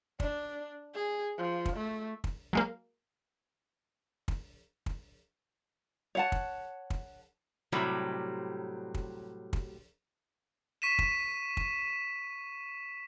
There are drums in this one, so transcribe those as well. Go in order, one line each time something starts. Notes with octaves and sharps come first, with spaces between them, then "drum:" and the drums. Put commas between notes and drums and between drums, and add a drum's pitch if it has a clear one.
D4, drum: kick
G#4
F3
drum: kick
A3
drum: kick
F#3 G#3 A#3
drum: kick
drum: kick
C#5 F#5 A5
drum: kick
drum: kick
A2 C3 F#3 G3
drum: kick
drum: kick
C#6 B6 D#7 E7
drum: kick
drum: kick